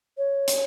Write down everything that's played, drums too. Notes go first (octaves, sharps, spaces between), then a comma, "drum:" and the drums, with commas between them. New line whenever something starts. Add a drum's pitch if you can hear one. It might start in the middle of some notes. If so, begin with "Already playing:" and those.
C#5
drum: hi-hat